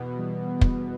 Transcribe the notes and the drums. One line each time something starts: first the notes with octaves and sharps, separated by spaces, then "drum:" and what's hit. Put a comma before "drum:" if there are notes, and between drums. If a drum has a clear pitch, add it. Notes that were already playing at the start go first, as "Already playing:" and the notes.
Already playing: E2 B2 B3
E3 G3
drum: kick